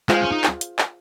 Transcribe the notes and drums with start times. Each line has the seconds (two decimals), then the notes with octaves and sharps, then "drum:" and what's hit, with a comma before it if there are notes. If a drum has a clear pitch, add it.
0.09 G#3 F4 G#4 C5 F5, drum: clap
0.21 C#4
0.32 D#4
0.44 drum: clap
0.61 drum: hi-hat
0.79 drum: clap